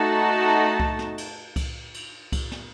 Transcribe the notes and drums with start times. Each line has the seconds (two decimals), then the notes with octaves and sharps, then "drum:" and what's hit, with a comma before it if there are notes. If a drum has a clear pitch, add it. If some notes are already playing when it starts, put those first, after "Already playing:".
Already playing: A3 D#4 F#4 A5
0.80 drum: kick C2
0.99 drum: snare
1.18 drum: cymbal
1.56 drum: kick C2, cymbal
1.94 drum: cymbal
2.32 drum: kick C2, cymbal
2.52 drum: snare